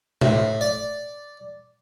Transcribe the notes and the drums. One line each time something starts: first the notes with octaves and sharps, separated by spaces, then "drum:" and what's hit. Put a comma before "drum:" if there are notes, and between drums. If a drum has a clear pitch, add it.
A2, drum: tom B2
D5